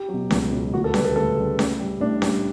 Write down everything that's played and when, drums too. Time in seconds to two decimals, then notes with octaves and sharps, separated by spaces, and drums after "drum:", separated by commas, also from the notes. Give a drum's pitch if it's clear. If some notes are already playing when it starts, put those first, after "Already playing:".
Already playing: G4
0.09 F#3
0.14 B2
0.31 C#2, drum: snare C#4
0.52 B2 F#3
0.73 D2 F#4
0.84 A4
0.94 C#3 G3 B4, drum: snare C#4
1.05 A4
1.16 D2 A4
1.37 C#3 G3
1.59 A2, drum: snare C#4
1.79 G3
2.00 A2 D4
2.22 G3, drum: snare C#4